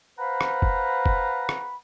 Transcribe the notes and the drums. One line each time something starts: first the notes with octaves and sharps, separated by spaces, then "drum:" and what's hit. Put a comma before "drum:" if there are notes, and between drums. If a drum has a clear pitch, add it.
B4 C5 F5 F#5 A#5 B5
drum: rim click
drum: kick
drum: kick
drum: rim click